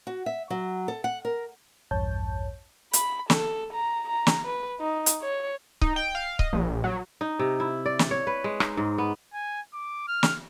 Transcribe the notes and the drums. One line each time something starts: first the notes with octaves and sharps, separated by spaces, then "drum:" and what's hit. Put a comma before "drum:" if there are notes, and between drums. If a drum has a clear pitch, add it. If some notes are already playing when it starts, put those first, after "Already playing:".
F#4
E5
F#3
A4
F#5
A#4
A#1 E2 G2 C#5 A5 G6
B5, drum: hi-hat
A4, drum: snare
A#5
A#5
drum: snare
B4
D#4
drum: hi-hat
C#5
D#4, drum: kick C#1
G5
F5
D#5, drum: kick C#1
A#1
F#3
D#4
C3
E4
D5
drum: snare
C#5
B4
G#3
D#4, drum: rim click
G#2
B3
G#5
D6
F6
drum: snare